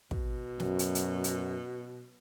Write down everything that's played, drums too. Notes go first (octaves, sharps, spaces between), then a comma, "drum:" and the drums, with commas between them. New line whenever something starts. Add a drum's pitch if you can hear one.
B2, drum: kick
F#2, drum: snare
drum: hi-hat
drum: hi-hat
drum: hi-hat